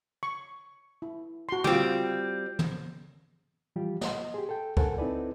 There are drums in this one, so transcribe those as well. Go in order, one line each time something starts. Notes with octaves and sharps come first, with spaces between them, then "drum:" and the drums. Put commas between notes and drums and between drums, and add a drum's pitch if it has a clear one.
C#6
E4
F#4 C6
G3 C4 F4 D6, drum: tom
drum: tom
E3 F3 G3 F4 G4
D#5 C6, drum: snare
G4 G#4
A4 G5
A4 A#4 C5 F#5 G#5, drum: kick C#2
C4 D#4 E4 A4 B4 D5